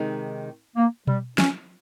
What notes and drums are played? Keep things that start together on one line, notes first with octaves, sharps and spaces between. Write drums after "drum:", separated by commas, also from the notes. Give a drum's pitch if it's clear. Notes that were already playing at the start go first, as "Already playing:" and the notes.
Already playing: C3 D#3 G#3 D#4
A#3
G3, drum: tom B2
C#4, drum: snare